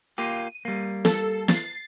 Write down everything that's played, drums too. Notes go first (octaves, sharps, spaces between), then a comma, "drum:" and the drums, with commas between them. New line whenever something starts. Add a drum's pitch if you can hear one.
A#3 F4 G4 D#7
G3 A#3
A4, drum: snare
A6 C7, drum: snare